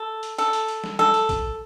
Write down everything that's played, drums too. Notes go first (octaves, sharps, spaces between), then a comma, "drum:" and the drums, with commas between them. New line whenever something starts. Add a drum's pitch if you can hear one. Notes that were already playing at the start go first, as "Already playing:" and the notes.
Already playing: A4
drum: hi-hat
A4, drum: hi-hat
drum: hi-hat
drum: hi-hat
drum: snare
A4, drum: snare
drum: hi-hat
drum: kick A1, hi-hat